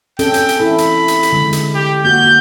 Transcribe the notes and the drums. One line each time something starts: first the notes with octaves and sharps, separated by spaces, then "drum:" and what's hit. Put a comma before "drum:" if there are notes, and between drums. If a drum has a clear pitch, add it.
C4 C#4 A4 G5, drum: hi-hat
drum: hi-hat
drum: hi-hat
E4 A4 B5
drum: hi-hat
drum: hi-hat
drum: hi-hat
D3 G#3
drum: hi-hat
G4
A#3 F#4 G6